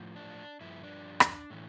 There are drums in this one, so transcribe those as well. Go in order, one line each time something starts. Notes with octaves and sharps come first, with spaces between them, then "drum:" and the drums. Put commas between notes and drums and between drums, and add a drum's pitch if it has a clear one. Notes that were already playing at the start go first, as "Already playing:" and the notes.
Already playing: A2 F3
D4
G2 F3 E4
D4
drum: rim click
A2 E3